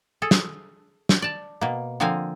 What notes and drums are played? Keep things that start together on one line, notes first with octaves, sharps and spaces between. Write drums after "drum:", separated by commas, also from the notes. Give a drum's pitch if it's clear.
G#4 A4
drum: snare
drum: snare
D5 A5
B2 A#3
D3 F3 A#3 C4 F5 G#5